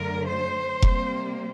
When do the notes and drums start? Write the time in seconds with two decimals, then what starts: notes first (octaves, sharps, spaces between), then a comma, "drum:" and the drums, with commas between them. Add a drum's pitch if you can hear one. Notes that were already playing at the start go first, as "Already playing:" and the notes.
Already playing: F#2 D3 A3 A#4
0.29 C5
0.82 C3 G3 A#3, drum: kick F1